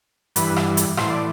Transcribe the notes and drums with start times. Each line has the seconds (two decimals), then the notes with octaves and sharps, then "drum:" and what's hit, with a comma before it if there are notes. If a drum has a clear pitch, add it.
0.36 G2 E3 B4, drum: hi-hat
0.56 drum: rim click
0.77 drum: hi-hat
0.97 A2 E3 C5, drum: rim click
1.10 D5